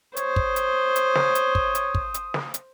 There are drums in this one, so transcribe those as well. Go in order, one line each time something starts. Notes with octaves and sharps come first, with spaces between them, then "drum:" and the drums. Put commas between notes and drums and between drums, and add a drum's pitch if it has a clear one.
C5 C#5 D#6, drum: hi-hat
drum: kick
drum: hi-hat
drum: hi-hat
drum: snare
drum: hi-hat
drum: kick
drum: hi-hat
drum: kick
drum: hi-hat
drum: snare
drum: hi-hat